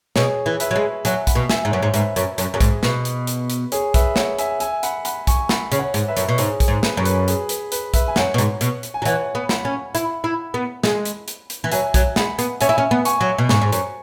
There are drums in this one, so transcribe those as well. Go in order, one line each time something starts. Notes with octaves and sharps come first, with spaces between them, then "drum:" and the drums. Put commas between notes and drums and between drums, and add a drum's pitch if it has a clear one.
B2 G#4 C#5, drum: snare
E3
B4 E5, drum: hi-hat
F#3
G#3
F#3 E5 G#5, drum: hi-hat
F#5 B5, drum: kick B1, hi-hat
B2
E5 G#5, drum: snare
G#2
F#2 C#5 F#5
G#2
G#2 B4 E5, drum: hi-hat
F#2, drum: hi-hat
F#2, drum: hi-hat
F#2 G#4
G#2, drum: kick B1, hi-hat
B2 B4, drum: snare
drum: hi-hat
drum: hi-hat
drum: hi-hat
G#4 C#5, drum: hi-hat
B4 E5, drum: kick B1, hi-hat
C#5 F#5, drum: snare
E5 G#5, drum: hi-hat
E5 G#5, drum: hi-hat
F#5 B5, drum: hi-hat
F#5 B5, drum: hi-hat
G#5 C#6, drum: kick B1, hi-hat
F#5 B5, drum: snare
C#3, drum: hi-hat
C#5 F#5
G#2, drum: hi-hat
B4 E5
F#2, drum: hi-hat
B2
G#2 G#4 C#5, drum: hi-hat
G#4, drum: kick B1, hi-hat
G#2
B4, drum: snare
F#2
B4, drum: hi-hat
G#4, drum: hi-hat
B4, drum: hi-hat
B4, drum: hi-hat
B4 E5, drum: kick B1, hi-hat
G#5
F#2 C#5 F#5, drum: snare
B2
G#2, drum: hi-hat
B2, drum: hi-hat
drum: hi-hat
G#5
F#3
E3 C#5 F#5, drum: hi-hat
B3
F#5 B5, drum: snare
C#4
E4, drum: hi-hat
E4
B3
G#3, drum: snare
drum: hi-hat
drum: hi-hat
drum: hi-hat
E3
F#3 E5 G#5, drum: hi-hat
F#3, drum: kick B1, hi-hat
G#3 F#5 B5, drum: snare
B3, drum: hi-hat
C#4 E5 G#5, drum: hi-hat
E4
C#4
B3
G#5 C#6, drum: hi-hat
F#3
B2
G#2 G#5 C#6, drum: snare
G#2
F#2, drum: hi-hat